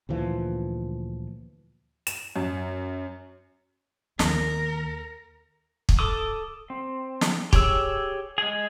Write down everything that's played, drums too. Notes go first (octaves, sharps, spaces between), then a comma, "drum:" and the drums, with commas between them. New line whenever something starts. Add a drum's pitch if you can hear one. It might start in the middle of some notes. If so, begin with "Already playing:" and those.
D2 A#2 E3 F3
E7, drum: hi-hat
F#2
D#2 A#4, drum: snare
drum: kick
A4 D6 D#6
C4
drum: snare
G4 G#4 C#5 E6, drum: kick
G#3 G#4